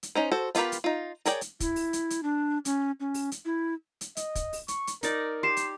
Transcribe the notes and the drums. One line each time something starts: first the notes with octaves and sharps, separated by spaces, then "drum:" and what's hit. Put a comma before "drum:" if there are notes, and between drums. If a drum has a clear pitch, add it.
drum: hi-hat
C#4 D#4 C5
F#4 A4 C5
B3 F4 G4 A#4 B4, drum: hi-hat
drum: hi-hat
D#4 F4
G#4 A#4 C#5 D5 G5, drum: hi-hat
drum: hi-hat
E4, drum: kick, hi-hat
drum: open hi-hat
drum: hi-hat
drum: hi-hat
D4
C#4, drum: hi-hat
C#4
drum: open hi-hat
drum: hi-hat
E4
drum: hi-hat
D#5, drum: hi-hat
drum: kick, hi-hat
drum: open hi-hat
C#6, drum: hi-hat
drum: hi-hat
D#4 A#4 D5, drum: hi-hat
G4 C6 C7 E7
drum: hi-hat